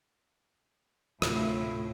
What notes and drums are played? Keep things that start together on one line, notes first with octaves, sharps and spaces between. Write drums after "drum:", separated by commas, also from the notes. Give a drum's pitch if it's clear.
D2 A2 C3 E4 F4, drum: rim click